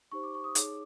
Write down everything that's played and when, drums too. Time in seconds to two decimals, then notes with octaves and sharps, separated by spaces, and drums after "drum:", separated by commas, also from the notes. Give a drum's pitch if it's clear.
0.12 D#4 G4 C5 C#6
0.23 D6
0.34 C#6
0.44 D#6
0.55 D#4 G#4 C#5 D6, drum: hi-hat